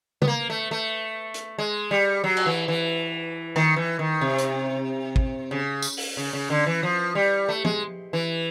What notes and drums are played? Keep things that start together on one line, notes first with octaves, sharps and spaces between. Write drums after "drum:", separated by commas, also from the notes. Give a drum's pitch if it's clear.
B3, drum: tom C#3
A#3
A3
A3
drum: hi-hat
G#3
G3
F#3
drum: cymbal
E3
E3
D#3, drum: rim click
E3
D#3
C3
drum: hi-hat
drum: kick
C#3
drum: tambourine
drum: open hi-hat
C#3
C#3
D3
E3
F3
G3
A3
G#3, drum: tom
E3